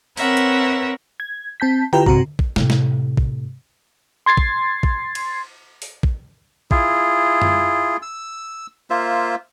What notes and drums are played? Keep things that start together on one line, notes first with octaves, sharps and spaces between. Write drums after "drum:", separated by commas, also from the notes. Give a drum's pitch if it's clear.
C4 A#4 B4 C#5 E5 F#5, drum: open hi-hat
drum: hi-hat
G#6
C4 A5 G6 B6
E4 F4 G4 B4 G5 A#5, drum: tom D3
G2 C3 C4 F#4 A#5, drum: kick
drum: kick
A2 C3, drum: snare
drum: snare
drum: kick
C6 G#6 A6 C7
drum: kick
drum: kick
drum: cymbal
drum: open hi-hat
drum: kick
E4 F4 G#4, drum: kick
drum: tom F#2
E6
A#3 F4 C5 E5